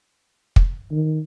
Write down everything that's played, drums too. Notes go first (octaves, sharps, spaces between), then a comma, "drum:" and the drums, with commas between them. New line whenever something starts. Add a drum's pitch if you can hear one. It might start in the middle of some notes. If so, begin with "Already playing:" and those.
drum: kick
D#3